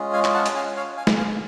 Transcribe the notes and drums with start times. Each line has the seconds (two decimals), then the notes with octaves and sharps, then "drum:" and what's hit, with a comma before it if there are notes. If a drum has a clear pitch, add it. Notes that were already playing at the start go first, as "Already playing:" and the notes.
Already playing: G#3 C#4 F4 G#4
0.13 F5 G#5
0.24 drum: clap
0.34 F#5 A5
0.46 drum: hi-hat
0.55 F5 G#5
0.76 C#5 F5
0.97 F5 G#5
1.07 drum: snare
1.18 F5 G#5